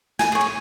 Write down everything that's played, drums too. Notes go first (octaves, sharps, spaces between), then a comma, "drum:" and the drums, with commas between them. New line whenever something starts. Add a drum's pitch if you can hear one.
G#5, drum: snare
G#4 C#5
C#6